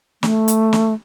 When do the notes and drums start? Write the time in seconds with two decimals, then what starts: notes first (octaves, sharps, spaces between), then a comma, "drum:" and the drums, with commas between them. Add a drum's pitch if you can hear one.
0.23 A3, drum: snare
0.48 drum: hi-hat
0.73 drum: snare